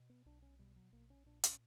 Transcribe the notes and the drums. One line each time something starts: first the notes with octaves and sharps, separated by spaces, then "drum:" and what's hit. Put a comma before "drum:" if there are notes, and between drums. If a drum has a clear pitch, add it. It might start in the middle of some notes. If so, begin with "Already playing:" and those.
Already playing: B2
B3
B1 D4
C#4
B2 G3
F#3
A#1 A#3
C#4
A#2 D4
C#4, drum: hi-hat